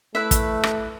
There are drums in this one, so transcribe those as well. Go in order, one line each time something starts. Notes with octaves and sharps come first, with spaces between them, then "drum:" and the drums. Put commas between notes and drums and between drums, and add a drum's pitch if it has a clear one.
A3 E4 B4 E5
drum: kick, hi-hat
drum: rim click